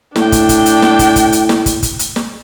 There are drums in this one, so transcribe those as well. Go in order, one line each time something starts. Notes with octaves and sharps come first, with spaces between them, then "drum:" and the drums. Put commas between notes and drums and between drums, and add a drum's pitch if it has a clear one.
A2 D4 G5, drum: snare
drum: kick, hi-hat
drum: kick, hi-hat
drum: hi-hat
drum: snare
drum: kick, hi-hat
drum: kick, hi-hat
drum: hi-hat
drum: snare
drum: kick, hi-hat
drum: kick, hi-hat
drum: hi-hat
drum: snare